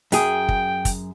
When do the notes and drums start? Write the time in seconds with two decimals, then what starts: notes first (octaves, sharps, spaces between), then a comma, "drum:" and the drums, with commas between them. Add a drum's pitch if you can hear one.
0.12 F#2 G#4 G5, drum: hi-hat
0.49 drum: kick
0.85 drum: kick, hi-hat